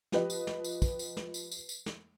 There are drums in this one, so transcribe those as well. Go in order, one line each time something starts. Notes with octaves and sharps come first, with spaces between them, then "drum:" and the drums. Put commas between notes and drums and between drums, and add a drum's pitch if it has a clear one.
F3 G4 B4 D#5, drum: snare
drum: tambourine
drum: snare
drum: tambourine
drum: kick, tambourine
drum: tambourine
drum: snare
drum: tambourine
drum: tambourine
drum: tambourine
drum: snare